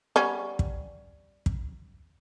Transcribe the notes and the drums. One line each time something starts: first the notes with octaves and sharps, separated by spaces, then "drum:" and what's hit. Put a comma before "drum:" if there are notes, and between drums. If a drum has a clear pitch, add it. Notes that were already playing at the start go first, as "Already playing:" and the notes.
G3 B3 C#4
drum: kick
drum: kick